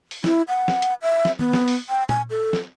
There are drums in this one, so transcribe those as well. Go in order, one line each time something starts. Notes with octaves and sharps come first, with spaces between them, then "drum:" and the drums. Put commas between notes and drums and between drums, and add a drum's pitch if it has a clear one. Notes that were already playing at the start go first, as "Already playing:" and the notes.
drum: open hi-hat
E4, drum: snare
F#5
drum: snare
drum: hi-hat
E5
drum: snare
B3, drum: tom D#3
drum: snare
drum: open hi-hat
G5
G#5, drum: tom A#2
A4
drum: snare